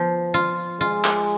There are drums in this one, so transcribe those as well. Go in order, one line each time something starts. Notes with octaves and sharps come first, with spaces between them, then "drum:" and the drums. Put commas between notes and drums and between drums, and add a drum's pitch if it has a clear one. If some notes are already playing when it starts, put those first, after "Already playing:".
Already playing: F3 B3
F4
G#3 F4
drum: clap